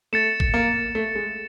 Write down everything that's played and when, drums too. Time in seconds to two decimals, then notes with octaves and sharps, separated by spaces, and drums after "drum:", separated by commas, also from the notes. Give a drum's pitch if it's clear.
0.13 A3 A6 C#7 E7
0.40 drum: kick G#1
0.54 A#3
0.95 A3
1.15 G#3